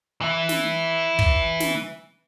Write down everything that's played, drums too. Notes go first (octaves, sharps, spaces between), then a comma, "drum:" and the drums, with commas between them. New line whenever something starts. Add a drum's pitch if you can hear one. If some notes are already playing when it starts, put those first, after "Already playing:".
E3 E4
drum: snare
drum: kick
drum: snare